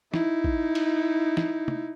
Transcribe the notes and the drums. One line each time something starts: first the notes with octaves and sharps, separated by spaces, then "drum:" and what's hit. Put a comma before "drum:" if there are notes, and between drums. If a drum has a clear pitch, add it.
D#4 E4, drum: snare
drum: kick A1
drum: cymbal
drum: snare
drum: tom